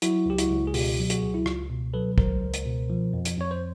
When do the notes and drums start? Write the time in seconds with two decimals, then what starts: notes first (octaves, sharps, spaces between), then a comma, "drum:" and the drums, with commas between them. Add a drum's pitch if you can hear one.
0.02 F#3 E4 F#4, drum: hi-hat
0.26 C#2 G4
0.38 E4 F#4, drum: hi-hat
0.51 C#2
0.67 G#4
0.74 B2 F4 G4, drum: open hi-hat
0.99 F#3
1.10 F#4 G#4, drum: hi-hat
1.22 C#2
1.34 E4
1.46 C#2 F4, drum: rim click
1.70 B2
1.94 F#3 A4 B4
2.18 C#2 A#4 C5, drum: kick
2.41 C#2
2.54 drum: hi-hat
2.66 B2
2.90 F3
3.13 F2
3.25 drum: hi-hat
3.37 F2 C#5
3.51 C5